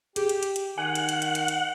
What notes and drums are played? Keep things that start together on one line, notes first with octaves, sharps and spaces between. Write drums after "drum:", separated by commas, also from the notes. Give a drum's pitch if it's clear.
G4 G#4, drum: hi-hat
drum: hi-hat
drum: hi-hat
drum: hi-hat
D#3 F#5 G#5
drum: hi-hat
drum: hi-hat
drum: hi-hat
drum: hi-hat
drum: hi-hat